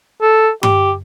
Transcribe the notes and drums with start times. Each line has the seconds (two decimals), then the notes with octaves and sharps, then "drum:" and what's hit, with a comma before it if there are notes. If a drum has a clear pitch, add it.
0.22 A4
0.63 G4, drum: tom G2